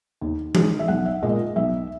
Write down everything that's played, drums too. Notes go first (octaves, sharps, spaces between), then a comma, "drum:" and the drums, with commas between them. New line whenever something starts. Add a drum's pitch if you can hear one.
D#2
D#3 G#3, drum: tom E3
E5
B1 F#5
E5
A#2 G#3 D#5
B1 E5